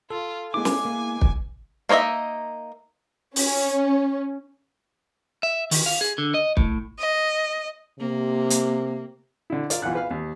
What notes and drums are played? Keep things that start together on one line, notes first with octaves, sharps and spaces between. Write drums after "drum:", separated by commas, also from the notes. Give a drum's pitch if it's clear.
F4 A4
G#3 B3 E4 G#5 D6
drum: snare
A#3
drum: kick
A#3 D#4 C#5 D#5 E5
C#4, drum: open hi-hat
E5
D#3, drum: open hi-hat
F5
G#4
D3
D#5
A2, drum: kick
D#5
C3 A#3
drum: hi-hat
D3 E4
F4 A#4 D5, drum: hi-hat
B1 E3 F4 F#5 F#6
B4 F5
D#2